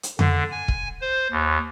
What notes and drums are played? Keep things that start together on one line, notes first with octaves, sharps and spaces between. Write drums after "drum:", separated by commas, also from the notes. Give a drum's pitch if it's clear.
drum: hi-hat
D3, drum: tom F2
G#5
drum: kick
C5
D#2